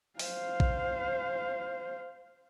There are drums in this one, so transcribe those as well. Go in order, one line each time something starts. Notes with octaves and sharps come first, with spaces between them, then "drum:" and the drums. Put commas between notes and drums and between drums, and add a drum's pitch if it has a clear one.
C5 F5, drum: open hi-hat
drum: kick